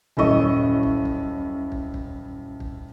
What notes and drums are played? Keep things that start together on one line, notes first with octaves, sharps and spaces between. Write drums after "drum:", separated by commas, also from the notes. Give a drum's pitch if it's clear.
D#1 F#2 E4 A4 D#5 C#6, drum: kick
drum: kick
drum: kick
drum: kick
drum: kick
drum: kick